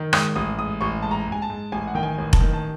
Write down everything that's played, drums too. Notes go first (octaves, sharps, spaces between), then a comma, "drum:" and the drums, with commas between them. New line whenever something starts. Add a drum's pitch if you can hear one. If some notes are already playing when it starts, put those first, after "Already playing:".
Already playing: D#3
G#2 D#6, drum: rim click
A1 D#6
G#2 D#6
A1 C#6
G#2 A5
A#5
G#2 G#5
A5
G#2
A1 G#5
F#5
D#3 G5
G#5
A1
A5, drum: kick F1
D#3
A5